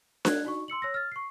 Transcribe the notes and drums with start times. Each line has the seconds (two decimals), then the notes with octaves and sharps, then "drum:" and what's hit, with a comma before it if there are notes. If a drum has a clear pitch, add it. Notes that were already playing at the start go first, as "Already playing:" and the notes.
0.25 F#6 G#6, drum: snare D4
0.45 D#4 F#4 C#6
0.68 C6 E6 C#7 F#7
0.82 C#5 E6 A#6
0.94 F6 A6
1.12 C#6 C7